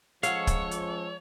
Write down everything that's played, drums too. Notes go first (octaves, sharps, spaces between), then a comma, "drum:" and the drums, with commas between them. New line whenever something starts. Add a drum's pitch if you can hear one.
F3 G#3 C#4 A4 C#5 F5 F#5, drum: hi-hat
drum: kick, hi-hat
drum: hi-hat